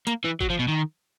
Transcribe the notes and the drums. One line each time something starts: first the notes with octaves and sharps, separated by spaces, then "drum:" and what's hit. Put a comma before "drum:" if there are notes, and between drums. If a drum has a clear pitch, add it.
A#3, drum: hi-hat
E3
F#3, drum: kick
F3
B2
D#3